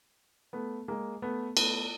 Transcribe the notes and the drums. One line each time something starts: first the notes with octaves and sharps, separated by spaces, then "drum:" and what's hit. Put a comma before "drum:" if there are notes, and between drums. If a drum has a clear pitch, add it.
A3 B3
G#3 A#3
A3 B3
A3 B3, drum: cymbal